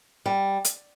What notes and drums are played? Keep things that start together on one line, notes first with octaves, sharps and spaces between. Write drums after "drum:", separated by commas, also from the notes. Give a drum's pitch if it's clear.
G3
drum: hi-hat